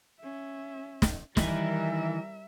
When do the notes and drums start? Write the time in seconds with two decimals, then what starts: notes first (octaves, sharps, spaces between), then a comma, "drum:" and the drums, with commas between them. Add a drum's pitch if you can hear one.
0.20 C#4 E5
1.02 drum: snare
1.37 D#3 E3 G3 D#4 A#4 E5, drum: snare